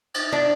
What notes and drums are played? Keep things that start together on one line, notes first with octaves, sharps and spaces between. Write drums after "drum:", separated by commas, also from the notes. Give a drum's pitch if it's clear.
drum: cymbal
D4